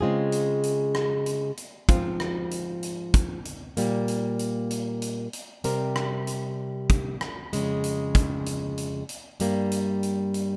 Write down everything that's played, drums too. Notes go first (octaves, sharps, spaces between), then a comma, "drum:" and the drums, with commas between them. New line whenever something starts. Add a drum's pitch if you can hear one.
C#3 G#3 C4 F4 G#4
drum: hi-hat
drum: hi-hat
drum: rim click
drum: hi-hat
drum: hi-hat
G#2 F3 C4 F4, drum: kick, hi-hat
drum: rim click
drum: hi-hat
drum: hi-hat
drum: kick, hi-hat
drum: hi-hat
A#2 G3 A#3, drum: hi-hat
drum: hi-hat
drum: hi-hat
drum: hi-hat
drum: hi-hat
drum: hi-hat
C3 G3 C4 G4 A#4, drum: hi-hat
drum: rim click
drum: hi-hat
drum: kick, hi-hat
drum: rim click
F2 C#3 G#3, drum: hi-hat
drum: hi-hat
drum: kick, hi-hat
drum: hi-hat
drum: hi-hat
drum: hi-hat
G2 G3 A#3, drum: hi-hat
drum: hi-hat
drum: hi-hat
drum: hi-hat